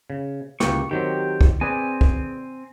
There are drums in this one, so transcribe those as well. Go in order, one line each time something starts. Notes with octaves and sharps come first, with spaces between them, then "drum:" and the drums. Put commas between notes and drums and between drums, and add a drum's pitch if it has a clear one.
C#3
C#2 A#3 G4 C#6, drum: snare
D#3 F#3 C4 G4
drum: kick
C4 G#4 B4 D5 G#5
drum: kick